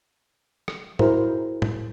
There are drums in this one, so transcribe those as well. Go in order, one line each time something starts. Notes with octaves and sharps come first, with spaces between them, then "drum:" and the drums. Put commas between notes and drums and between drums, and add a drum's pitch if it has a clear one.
drum: rim click
E4 F#4 G#4 A#4 C5, drum: tom
drum: tom